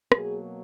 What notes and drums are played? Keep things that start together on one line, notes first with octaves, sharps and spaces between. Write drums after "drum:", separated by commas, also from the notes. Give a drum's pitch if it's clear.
B2 F#3 A#3 G#4, drum: rim click